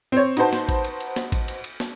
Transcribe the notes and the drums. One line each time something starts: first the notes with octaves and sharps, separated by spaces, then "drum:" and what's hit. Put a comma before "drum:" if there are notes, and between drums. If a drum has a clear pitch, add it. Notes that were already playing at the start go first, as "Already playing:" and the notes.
C4 C#5
D#4 F#4 B4 C5 A5, drum: cymbal
drum: snare
drum: kick A1, cymbal
drum: cymbal
drum: cymbal
drum: snare
drum: kick A1, cymbal
drum: cymbal
drum: cymbal
drum: snare